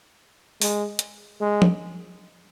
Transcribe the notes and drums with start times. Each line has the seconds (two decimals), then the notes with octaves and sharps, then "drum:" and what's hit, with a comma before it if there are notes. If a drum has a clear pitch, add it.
0.62 G#3, drum: open hi-hat
0.99 drum: hi-hat
1.41 G#3
1.62 drum: tom